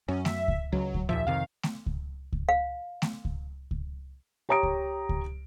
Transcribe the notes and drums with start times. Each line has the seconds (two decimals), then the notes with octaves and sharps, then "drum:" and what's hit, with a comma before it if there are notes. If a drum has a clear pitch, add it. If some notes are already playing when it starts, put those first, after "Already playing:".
0.08 F#2 C#4
0.25 E5, drum: snare A3
0.48 drum: kick C#2
0.72 C#2 F#3
0.94 drum: kick C#2
1.09 D#2 A#2 F3 E5
1.27 F2 C3 D#3 F5
1.63 drum: snare A3
1.86 drum: kick C#2
2.33 drum: kick C#2
2.49 F5
3.02 drum: snare A3
3.25 drum: kick C#2
3.71 drum: kick C#2
4.49 G4 C#5 A#5 D#6 D7
4.63 drum: kick C#2
5.09 drum: kick C#2